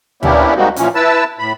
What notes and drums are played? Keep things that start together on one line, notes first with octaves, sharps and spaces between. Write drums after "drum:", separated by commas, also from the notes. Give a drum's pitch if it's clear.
A#3 B3 C#4 D4 E4 G4, drum: tom D2
G3 G#3 A#3 C4 D#4 F#4
A#2 E3 F3 C#4, drum: hi-hat
E4 B4 A5 E6
A2 B5